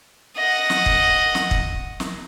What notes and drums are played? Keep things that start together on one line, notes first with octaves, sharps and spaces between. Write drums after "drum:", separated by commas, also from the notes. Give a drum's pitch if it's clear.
D#5 F#5
drum: snare
drum: kick
drum: snare
drum: kick
drum: snare